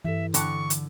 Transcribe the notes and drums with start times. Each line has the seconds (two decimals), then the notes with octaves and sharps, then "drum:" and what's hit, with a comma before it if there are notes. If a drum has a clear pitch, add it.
0.05 G2 E3 A4 E5
0.34 D3 G5 A5 C#6 F#6, drum: hi-hat
0.70 drum: hi-hat